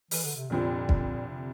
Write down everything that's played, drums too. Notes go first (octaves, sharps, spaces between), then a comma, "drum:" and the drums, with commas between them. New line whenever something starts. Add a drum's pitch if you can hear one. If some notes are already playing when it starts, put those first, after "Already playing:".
E3, drum: open hi-hat
D3
C3
F1 F2 A#2 D3 F3
drum: kick
C3